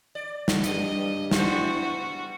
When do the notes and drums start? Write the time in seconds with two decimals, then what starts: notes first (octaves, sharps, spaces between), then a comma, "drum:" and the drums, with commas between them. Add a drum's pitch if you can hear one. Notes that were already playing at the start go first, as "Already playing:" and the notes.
0.15 D5
0.48 drum: snare
0.64 G2 D#5, drum: hi-hat
1.31 G3 B3 D4 E4 F#4 C5, drum: snare